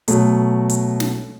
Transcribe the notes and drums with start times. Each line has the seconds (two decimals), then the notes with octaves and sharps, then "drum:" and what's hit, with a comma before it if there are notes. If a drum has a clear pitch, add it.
0.08 B2 F#3 A3, drum: hi-hat
0.69 drum: hi-hat
1.00 drum: snare